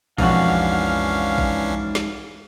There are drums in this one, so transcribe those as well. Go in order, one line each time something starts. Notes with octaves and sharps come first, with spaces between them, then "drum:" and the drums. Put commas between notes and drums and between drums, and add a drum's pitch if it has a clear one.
B1 F2 G#2 E3 C#4 D4 F#4 F5, drum: kick A#1
drum: kick A#1
drum: snare